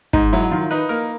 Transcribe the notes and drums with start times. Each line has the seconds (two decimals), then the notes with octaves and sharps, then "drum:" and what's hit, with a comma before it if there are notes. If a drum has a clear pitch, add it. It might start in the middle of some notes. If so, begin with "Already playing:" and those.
0.13 G#2 D#4, drum: kick
0.33 F#3 E4
0.51 D#3 F4
0.71 D#4 B4
0.89 A#3 A#4